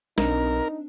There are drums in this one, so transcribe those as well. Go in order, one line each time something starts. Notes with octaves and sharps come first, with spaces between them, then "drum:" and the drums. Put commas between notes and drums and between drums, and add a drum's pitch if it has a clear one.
B1 C4 D4 D#4 A#4, drum: snare